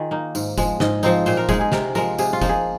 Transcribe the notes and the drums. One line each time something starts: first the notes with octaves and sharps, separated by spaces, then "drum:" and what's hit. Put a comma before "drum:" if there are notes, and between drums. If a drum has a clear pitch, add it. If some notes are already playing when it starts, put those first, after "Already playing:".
Already playing: D#3 F4 G#4
A#3 D#4
G#2, drum: tambourine
F3 G#3, drum: kick F1, tambourine
G#2 D#5, drum: snare
F3 C4 D#4, drum: tambourine
A#2 C5, drum: tambourine
A#4
G#3 D#4 G#4, drum: kick F1, tambourine
G#4
C3 A#4, drum: snare
F3 G#3 A#4, drum: tambourine
C3 G#4, drum: tambourine
F4
F3 A#3 D#4, drum: kick F1, tambourine
G#4